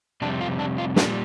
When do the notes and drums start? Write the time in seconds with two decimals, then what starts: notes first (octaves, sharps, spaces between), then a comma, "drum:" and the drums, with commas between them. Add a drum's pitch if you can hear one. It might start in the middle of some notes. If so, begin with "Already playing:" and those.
0.22 F2 C3 G3 D4
0.41 F4
0.59 D4
0.78 F4
0.96 A#2 G3 D4, drum: snare